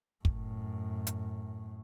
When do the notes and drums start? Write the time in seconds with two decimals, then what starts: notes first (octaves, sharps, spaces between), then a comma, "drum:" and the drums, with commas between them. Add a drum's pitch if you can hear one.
0.25 F#2 A2, drum: kick
1.07 drum: hi-hat